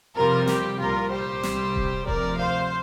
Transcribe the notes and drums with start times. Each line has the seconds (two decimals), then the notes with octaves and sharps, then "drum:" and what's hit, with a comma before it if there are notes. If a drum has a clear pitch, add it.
0.15 F2 C3 G3 C4 F4 A#4
0.47 G4, drum: snare
0.80 C2 A#2 G3 F4 A#4
1.11 G4 C5
1.43 C2 C3 G3 C4, drum: snare
1.76 drum: kick D#1
2.07 D2 C3 F3 A#4 D5, drum: kick D#1
2.39 C5 F5